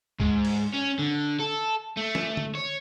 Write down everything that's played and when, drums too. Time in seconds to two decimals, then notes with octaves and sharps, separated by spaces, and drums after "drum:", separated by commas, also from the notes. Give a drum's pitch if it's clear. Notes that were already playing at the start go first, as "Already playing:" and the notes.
0.20 G#2, drum: kick
0.45 drum: cymbal
0.74 C#4
0.99 D3
1.39 A4
1.97 A3
2.15 drum: snare
2.37 drum: tom D3
2.55 C#5